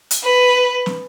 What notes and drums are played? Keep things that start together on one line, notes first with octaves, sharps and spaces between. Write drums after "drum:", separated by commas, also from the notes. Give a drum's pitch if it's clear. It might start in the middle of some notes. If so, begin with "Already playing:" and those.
drum: hi-hat
B4
drum: snare